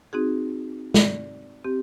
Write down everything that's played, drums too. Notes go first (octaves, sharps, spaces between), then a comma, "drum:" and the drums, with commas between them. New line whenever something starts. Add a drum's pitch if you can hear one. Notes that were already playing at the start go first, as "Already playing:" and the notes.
C4 D#4 F#4 G#4
D5, drum: snare
C4 G4